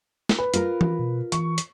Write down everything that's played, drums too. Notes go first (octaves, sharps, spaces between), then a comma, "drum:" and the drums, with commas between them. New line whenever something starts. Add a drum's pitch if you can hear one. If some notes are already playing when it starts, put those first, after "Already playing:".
drum: snare
B4
F4 A#4, drum: hi-hat
drum: tom E3
B2
E3 C#6, drum: hi-hat
drum: hi-hat